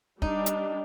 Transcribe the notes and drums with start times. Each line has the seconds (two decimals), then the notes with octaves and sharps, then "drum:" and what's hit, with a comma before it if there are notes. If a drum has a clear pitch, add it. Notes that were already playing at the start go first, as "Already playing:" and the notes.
0.22 G3 D4 D#4, drum: kick
0.46 drum: hi-hat